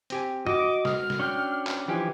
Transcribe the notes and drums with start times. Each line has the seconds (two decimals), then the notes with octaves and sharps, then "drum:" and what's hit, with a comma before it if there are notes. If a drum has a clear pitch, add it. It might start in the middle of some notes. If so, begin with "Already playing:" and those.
0.10 C4 G4 G#5, drum: hi-hat
0.47 F#4 D#5 D6, drum: tom
0.85 F6, drum: snare
1.10 drum: snare
1.20 C#4 D4 G5
1.67 drum: clap
1.88 E3 F3 G4 G#5